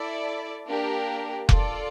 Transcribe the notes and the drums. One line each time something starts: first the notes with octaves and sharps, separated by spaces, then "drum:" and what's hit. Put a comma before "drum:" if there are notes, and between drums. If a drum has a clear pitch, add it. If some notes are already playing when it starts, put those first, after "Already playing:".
Already playing: E4 A4 D5
A#3 D4 G4 A#4
F4 A4 D5, drum: kick F1